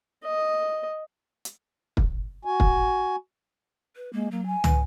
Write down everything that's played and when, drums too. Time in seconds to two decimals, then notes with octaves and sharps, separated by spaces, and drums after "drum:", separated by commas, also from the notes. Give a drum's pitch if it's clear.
0.24 D#5
1.45 drum: hi-hat
1.97 drum: kick
2.45 F#4 G#5
2.60 drum: kick
3.96 B4
4.13 G#3 A#3
4.31 F#3 A#3
4.46 G#5
4.64 B4, drum: tom